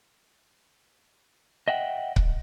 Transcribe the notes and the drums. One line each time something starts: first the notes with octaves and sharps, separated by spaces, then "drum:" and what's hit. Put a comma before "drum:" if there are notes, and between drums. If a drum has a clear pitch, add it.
D#5 E5 F#5 G5
drum: kick C#1